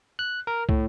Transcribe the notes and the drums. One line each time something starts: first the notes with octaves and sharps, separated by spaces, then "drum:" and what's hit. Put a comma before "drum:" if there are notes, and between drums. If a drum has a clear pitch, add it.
F#6
A#4
A2, drum: kick